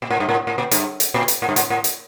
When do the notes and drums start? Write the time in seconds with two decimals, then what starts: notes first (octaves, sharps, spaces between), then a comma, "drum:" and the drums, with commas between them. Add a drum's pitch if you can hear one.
0.02 A#2
0.10 A2
0.20 G2
0.29 A2
0.47 A2
0.58 A#2
0.71 G2, drum: hi-hat
1.00 drum: hi-hat
1.14 A#2
1.28 drum: hi-hat
1.42 A2
1.49 G2
1.56 A2, drum: hi-hat
1.70 A2
1.84 drum: hi-hat